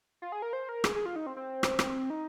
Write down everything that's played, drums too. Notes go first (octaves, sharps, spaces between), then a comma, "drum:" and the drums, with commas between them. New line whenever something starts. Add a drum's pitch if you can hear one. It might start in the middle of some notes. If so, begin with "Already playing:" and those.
F4
G#4
A#4
C5
A#4
G#4, drum: rim click
G#4
F4
D#4
C4
C4
drum: rim click
drum: rim click
D#4